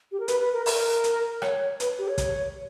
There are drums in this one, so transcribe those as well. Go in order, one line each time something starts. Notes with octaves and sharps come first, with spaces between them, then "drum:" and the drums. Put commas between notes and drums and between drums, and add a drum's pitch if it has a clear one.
G4
A#4
B4, drum: hi-hat
B4
A#4
A#4, drum: open hi-hat
drum: hi-hat
C#5, drum: rim click
B4, drum: hi-hat
G4
C#5
drum: kick, hi-hat